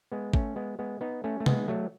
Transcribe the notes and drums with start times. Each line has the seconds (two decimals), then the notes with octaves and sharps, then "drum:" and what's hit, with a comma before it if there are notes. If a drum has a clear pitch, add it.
0.12 G#3 B3
0.34 A3 C#4, drum: kick
0.56 G#3 B3
0.79 G#3 B3
1.01 B3 D#4
1.24 A3 C#4
1.40 A3
1.46 G#3 B3, drum: tom
1.68 F#3 A3